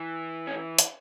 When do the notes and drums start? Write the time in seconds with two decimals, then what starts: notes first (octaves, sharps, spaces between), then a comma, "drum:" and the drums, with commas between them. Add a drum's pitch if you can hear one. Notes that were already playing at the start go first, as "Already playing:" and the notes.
Already playing: E3
0.47 C#4
0.79 drum: hi-hat